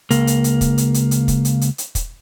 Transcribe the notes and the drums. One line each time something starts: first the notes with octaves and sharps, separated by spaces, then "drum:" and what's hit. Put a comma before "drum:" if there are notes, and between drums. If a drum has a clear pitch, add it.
C#2 A#3, drum: hi-hat
drum: hi-hat
drum: hi-hat
drum: kick, hi-hat
drum: hi-hat
drum: hi-hat
drum: hi-hat
drum: kick, hi-hat
drum: hi-hat
drum: hi-hat
drum: hi-hat
drum: kick, hi-hat